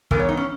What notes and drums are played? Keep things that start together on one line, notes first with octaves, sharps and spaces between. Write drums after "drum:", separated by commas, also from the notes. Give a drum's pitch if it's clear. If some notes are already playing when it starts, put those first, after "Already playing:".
G#2 E3 B3 A#4, drum: kick
C#5
D#4
C#4